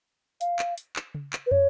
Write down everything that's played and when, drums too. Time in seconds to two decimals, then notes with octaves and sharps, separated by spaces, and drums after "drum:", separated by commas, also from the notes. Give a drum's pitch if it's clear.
0.41 F5, drum: hi-hat
0.59 drum: clap
0.78 drum: hi-hat
0.96 drum: clap
1.15 drum: tom C#3
1.33 drum: clap
1.46 B4
1.51 C#5, drum: tom